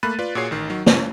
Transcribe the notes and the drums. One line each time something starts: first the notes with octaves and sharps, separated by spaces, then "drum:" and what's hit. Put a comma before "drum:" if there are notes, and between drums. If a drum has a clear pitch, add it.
A3 A#3 B5 F#6 A6 D#7
F4 B4 D5
A#2 F#4 G#4 C#5 C7
A1 D#3
D#3 F#3
C#4, drum: snare